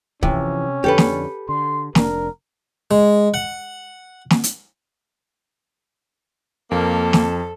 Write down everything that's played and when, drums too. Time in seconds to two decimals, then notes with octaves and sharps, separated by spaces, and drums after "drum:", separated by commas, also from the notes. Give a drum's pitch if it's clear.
0.23 C3 E3 F3 C#4, drum: kick
0.84 F2 D3 G4 A4 B4
0.98 drum: snare
1.49 D3 C6
1.95 F1 A#2 D4 A#4, drum: snare
2.91 G#3
3.34 F#5
4.30 drum: snare
4.44 drum: hi-hat
6.71 F2 A#3 A4
7.13 drum: snare